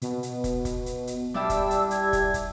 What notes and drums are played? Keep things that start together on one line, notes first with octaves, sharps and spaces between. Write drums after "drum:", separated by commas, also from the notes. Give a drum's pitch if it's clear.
B2, drum: hi-hat
drum: hi-hat
drum: kick, hi-hat
drum: kick, hi-hat
drum: hi-hat
drum: hi-hat
G3 D4 E4 A5 E6
drum: kick, hi-hat
drum: hi-hat
G#6, drum: hi-hat
drum: kick, hi-hat
drum: kick, hi-hat